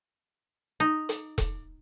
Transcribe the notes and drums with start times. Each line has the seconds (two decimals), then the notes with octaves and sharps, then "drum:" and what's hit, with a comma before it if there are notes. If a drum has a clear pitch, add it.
0.80 D#4
1.09 drum: hi-hat
1.38 drum: kick E1, hi-hat